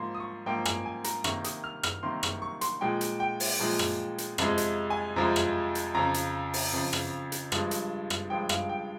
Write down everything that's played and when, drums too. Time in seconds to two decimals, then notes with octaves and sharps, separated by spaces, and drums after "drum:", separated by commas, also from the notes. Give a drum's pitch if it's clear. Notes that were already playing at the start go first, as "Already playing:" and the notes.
Already playing: G#2 F3 A#3 C6
0.15 D#6
0.20 C#6
0.46 G#2 F3 A#3 G5
0.65 G#5, drum: rim click
0.85 G#5
1.04 A#5, drum: hi-hat
1.24 C3 D#3 A#3 C#6, drum: rim click
1.44 D#6, drum: hi-hat
1.64 F6
1.83 F6, drum: rim click
2.03 C3 D#3 A#3 C6
2.23 C#6, drum: rim click
2.42 C#6
2.61 C6, drum: hi-hat
2.81 A#2 F3 G#3 G5
3.01 drum: hi-hat
3.20 G5
3.40 drum: open hi-hat
3.60 A#2 F3 G#3
3.79 drum: rim click
4.18 drum: hi-hat
4.38 F2 C3 F3 G#3, drum: rim click
4.58 drum: hi-hat
4.90 G#5
5.16 F2 C3 F3 G#3 A#5
5.36 drum: rim click
5.75 drum: hi-hat
5.95 F2 C#3 F3 A#5
6.14 drum: hi-hat
6.54 drum: open hi-hat
6.73 F2 C#3 F3
6.93 drum: rim click
7.32 drum: hi-hat
7.52 G2 F3 G#3, drum: rim click
7.71 drum: hi-hat
8.10 drum: rim click
8.30 G2 F3 G#3 G5
8.49 F5, drum: rim click
8.69 G5